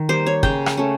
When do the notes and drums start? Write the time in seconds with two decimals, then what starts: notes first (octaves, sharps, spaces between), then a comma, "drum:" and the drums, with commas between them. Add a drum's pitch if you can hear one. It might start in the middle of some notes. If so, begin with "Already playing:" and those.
Already playing: D#3
0.09 G3 A#3 C5
0.26 C#5
0.43 C#3 G5, drum: kick
0.66 drum: rim click
0.77 A3 C#4